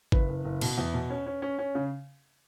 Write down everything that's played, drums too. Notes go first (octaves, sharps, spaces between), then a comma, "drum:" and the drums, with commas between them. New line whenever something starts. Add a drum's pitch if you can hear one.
F#1 B4, drum: kick G#1
F#1
F#1
B2, drum: cymbal
E2
B2
C#4
C#4
C#4
C#4
C#3